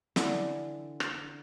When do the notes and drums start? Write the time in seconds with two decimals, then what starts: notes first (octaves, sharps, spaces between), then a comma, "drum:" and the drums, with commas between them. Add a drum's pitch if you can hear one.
0.16 D3 E3 D4, drum: snare
1.00 drum: rim click